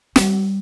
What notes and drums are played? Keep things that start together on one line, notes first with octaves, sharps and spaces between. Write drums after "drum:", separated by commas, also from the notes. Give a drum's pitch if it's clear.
G3, drum: snare